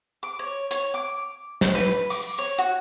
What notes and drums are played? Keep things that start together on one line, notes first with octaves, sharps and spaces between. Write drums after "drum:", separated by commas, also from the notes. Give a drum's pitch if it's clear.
D6
C#5
C#5, drum: hi-hat
D6
drum: snare
B4
D6, drum: open hi-hat
C#5
F#4, drum: hi-hat